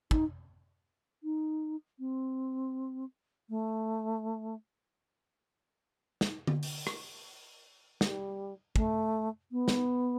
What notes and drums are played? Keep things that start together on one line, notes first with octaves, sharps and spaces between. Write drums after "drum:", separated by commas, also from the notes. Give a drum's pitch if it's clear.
D#4, drum: kick
D#4
C4
A3
drum: snare
drum: tom D3
drum: open hi-hat
drum: rim click
G3, drum: snare
A3, drum: kick
B3
drum: snare